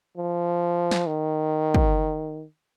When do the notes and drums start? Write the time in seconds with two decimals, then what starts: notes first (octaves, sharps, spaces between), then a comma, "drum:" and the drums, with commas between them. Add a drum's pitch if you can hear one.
0.17 F3
0.91 drum: snare
1.06 D#3
1.74 drum: kick